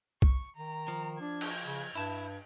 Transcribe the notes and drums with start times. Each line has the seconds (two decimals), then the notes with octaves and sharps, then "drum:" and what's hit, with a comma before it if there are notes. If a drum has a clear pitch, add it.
0.22 C#6, drum: kick C2
0.56 D#3 A#5
0.88 F3
1.20 D4 G#6
1.41 drum: cymbal
1.65 C#3
1.95 G2 E4 A5